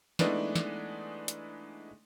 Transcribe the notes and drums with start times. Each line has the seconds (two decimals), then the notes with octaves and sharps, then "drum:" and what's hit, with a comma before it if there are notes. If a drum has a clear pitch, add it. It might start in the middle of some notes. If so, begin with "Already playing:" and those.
0.19 E3 G#3 A3 B3 D4 D#4, drum: snare
0.55 drum: snare
1.28 drum: hi-hat